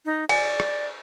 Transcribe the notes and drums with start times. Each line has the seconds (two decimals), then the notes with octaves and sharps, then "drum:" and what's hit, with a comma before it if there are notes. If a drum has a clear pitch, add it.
0.05 D#4
0.29 D5 G#5, drum: cymbal
0.60 drum: rim click